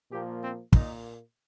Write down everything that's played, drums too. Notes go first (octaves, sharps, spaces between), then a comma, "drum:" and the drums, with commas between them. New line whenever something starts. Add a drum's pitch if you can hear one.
A#2 F3 A#3 G4
C4
A#2 A#3 D#4, drum: kick